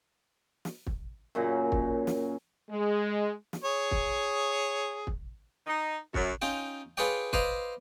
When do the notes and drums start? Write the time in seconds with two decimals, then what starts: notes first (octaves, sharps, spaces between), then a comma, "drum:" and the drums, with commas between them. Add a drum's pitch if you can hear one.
0.65 drum: snare
0.87 drum: kick
1.35 F#2 A#2 C#3 F#3
1.72 drum: kick
2.07 drum: snare
2.70 G#3
3.53 drum: snare
3.64 G#4 C#5
3.91 drum: kick
5.07 drum: kick
5.67 D#4
6.14 F#2, drum: kick
6.42 C#4 D#4 F4 G5
6.97 F4 G#4 B4 C#5 D5 G5
7.33 B4 C5 D5 D#5 F5, drum: kick